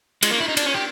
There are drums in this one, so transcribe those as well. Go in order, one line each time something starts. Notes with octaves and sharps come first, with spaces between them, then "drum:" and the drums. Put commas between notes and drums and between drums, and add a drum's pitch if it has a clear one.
G#3, drum: cymbal
A#3
E4
D#4
D4, drum: cymbal
C#4
G4